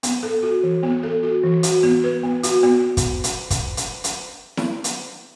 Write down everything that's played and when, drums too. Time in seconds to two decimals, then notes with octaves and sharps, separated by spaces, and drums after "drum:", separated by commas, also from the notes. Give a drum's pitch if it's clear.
0.03 B3, drum: hi-hat
0.23 A4
0.43 F#4
0.63 E3
0.83 B3
1.03 A4
1.23 F#4
1.44 E3
1.63 F#4, drum: hi-hat
1.83 B3
2.04 B4
2.23 B3
2.43 F#4, drum: hi-hat
2.63 B3
2.97 drum: kick, hi-hat
3.24 drum: hi-hat
3.50 drum: kick, hi-hat
3.77 drum: hi-hat
4.04 drum: hi-hat
4.57 drum: snare E4
4.84 drum: hi-hat